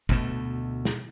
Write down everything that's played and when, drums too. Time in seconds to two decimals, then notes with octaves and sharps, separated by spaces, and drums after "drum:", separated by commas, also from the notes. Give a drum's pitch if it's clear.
0.09 D2 B2 A3, drum: kick
0.85 drum: snare